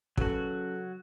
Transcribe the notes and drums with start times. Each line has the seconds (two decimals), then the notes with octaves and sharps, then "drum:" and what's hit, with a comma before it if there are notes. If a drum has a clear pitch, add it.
0.17 C#3 F#3 F#4 A4 B4, drum: kick